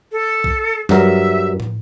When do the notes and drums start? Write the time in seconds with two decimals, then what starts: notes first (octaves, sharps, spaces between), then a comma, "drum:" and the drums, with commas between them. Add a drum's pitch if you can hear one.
0.12 A4
0.44 drum: kick
0.89 G2 F#3 A#4 E5, drum: snare
1.60 drum: tom